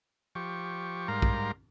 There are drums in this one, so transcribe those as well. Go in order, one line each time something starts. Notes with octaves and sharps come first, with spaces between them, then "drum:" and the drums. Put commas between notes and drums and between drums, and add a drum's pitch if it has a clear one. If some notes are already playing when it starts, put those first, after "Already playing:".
F3 G4 C#6
G#2 G3 A#4 F5 A#5 C6
drum: kick